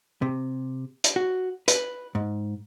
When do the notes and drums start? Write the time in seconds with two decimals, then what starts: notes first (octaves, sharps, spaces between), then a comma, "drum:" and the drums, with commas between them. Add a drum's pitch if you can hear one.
0.22 C3
1.04 drum: hi-hat
1.16 F#4
1.68 B4, drum: hi-hat
2.15 G#2